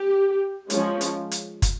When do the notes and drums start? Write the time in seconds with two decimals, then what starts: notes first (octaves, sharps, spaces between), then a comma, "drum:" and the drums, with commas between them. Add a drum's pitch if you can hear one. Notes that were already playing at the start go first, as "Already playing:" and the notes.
Already playing: G4
0.70 F3 G#3 C#4, drum: hi-hat
1.01 drum: hi-hat
1.31 drum: hi-hat
1.62 drum: kick, hi-hat